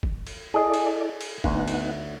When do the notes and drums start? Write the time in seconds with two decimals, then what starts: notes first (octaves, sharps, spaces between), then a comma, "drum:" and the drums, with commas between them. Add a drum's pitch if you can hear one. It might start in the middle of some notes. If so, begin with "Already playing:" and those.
0.03 drum: kick
0.27 drum: cymbal
0.54 E4 G#4 A4 D5 D#5
0.74 drum: cymbal
1.21 drum: cymbal
1.44 D2 B3 D#4 F#5, drum: kick
1.68 drum: cymbal